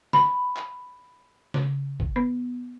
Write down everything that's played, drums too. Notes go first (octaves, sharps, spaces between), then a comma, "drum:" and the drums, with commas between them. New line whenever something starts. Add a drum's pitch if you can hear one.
B5, drum: snare
drum: clap
C#3, drum: snare
drum: kick G1
B3